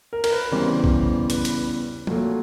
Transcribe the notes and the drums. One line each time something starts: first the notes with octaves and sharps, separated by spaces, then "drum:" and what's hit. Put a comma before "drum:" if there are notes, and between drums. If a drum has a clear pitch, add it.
A#4
A#4, drum: cymbal
B4
E2 C#3 E3 G3 C5
drum: kick B1
B4, drum: hi-hat
drum: hi-hat
A#2 F#3 A3, drum: tom F3